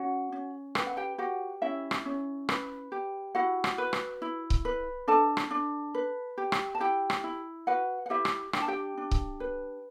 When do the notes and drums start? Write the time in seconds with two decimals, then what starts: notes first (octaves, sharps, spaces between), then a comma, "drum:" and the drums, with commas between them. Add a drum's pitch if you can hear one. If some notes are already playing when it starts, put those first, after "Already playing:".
Already playing: C#4 F#4 F#5
0.32 C#4
0.75 B4 G5, drum: rim click
0.87 F#5
0.97 G4 G5
1.18 F#4 G4 F#5
1.62 C#4 E4 E5
1.91 drum: rim click
2.05 C#4
2.49 B4, drum: rim click
2.92 G4
3.35 E4 F#4 F#5
3.64 drum: rim click
3.78 B4
3.93 drum: rim click
4.22 E4
4.50 drum: kick C#1
4.65 B4
5.08 D4 A4 A5
5.37 drum: rim click
5.51 D4
5.95 B4
6.38 G4
6.52 drum: rim click
6.75 A5
6.80 E4 G4 G5
7.10 drum: rim click
7.24 E4
7.67 F#4 B4 F#5
8.06 F#5
8.10 E4 G4 E5
8.25 drum: rim click
8.53 D4 G5, drum: rim click
8.62 A5
8.68 G4 G5
8.98 D4
9.11 drum: kick C#1
9.40 B4